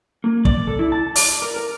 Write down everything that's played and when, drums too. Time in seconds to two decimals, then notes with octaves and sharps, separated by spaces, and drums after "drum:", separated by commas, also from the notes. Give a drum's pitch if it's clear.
0.24 A#3
0.45 D5, drum: kick
0.67 A4
0.79 E4
0.92 A5
1.16 D5, drum: open hi-hat
1.42 A#4
1.56 A#4